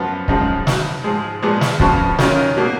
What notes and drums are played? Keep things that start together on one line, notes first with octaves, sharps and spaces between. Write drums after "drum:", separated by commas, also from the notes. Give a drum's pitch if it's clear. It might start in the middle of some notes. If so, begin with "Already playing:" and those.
Already playing: F#2 F3 B3
F#2 C#3 F3 G#3 D#4, drum: kick
F#3 B3 D#4, drum: snare
G#2 F3 G#3
A#2 F3 G#3 B3
drum: snare
F2 C#3 F3 B3 F#4, drum: kick
D#3 F#3 C#4 F4 A#4, drum: snare
B2 F#3 A#3